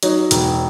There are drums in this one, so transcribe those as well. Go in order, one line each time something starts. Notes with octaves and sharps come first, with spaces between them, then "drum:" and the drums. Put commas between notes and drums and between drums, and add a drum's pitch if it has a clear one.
F#3 D#4, drum: hi-hat
E1, drum: hi-hat